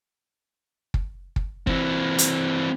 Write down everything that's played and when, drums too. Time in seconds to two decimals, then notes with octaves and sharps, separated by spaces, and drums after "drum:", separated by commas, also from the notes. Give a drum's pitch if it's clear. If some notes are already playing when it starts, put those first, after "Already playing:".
0.94 drum: kick
1.36 drum: kick
1.67 E3 C4, drum: kick
2.18 drum: hi-hat